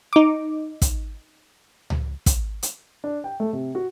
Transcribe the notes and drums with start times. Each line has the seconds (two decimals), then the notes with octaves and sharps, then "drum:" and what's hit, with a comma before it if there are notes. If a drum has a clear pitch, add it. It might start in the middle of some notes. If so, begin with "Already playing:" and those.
0.13 D#4 D6
0.82 drum: kick, hi-hat
1.90 drum: tom C#2
2.26 drum: kick, hi-hat
2.63 drum: hi-hat
3.04 D4
3.24 G5
3.40 A3
3.53 C3
3.75 F#4